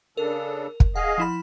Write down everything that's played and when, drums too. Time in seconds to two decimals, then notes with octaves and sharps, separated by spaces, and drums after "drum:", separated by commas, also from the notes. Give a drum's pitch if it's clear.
0.17 C#3 D4 A4 A#4
0.80 drum: kick
0.96 G#4 D#5 F5 F#5
1.18 F3 E4 B5